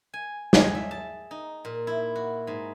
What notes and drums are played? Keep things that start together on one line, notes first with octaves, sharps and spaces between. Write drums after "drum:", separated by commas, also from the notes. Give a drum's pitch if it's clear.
G#5
G#4, drum: snare
E5
A5
D#4
A#2
E4
F#4
G#2